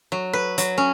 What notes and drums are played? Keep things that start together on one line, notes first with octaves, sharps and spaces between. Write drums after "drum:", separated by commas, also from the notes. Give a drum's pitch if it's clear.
F#3
B4
F#3, drum: hi-hat
C#4